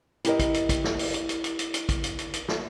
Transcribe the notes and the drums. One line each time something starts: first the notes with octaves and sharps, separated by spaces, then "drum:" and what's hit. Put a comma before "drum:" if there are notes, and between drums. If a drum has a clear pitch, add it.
E4 G4 A#4 D#5, drum: hi-hat
drum: kick, hi-hat
drum: hi-hat
drum: kick, hi-hat
drum: snare
drum: open hi-hat
drum: hi-hat
drum: hi-hat
drum: hi-hat
drum: hi-hat
drum: hi-hat
drum: kick, hi-hat
drum: hi-hat
drum: hi-hat
drum: hi-hat
drum: snare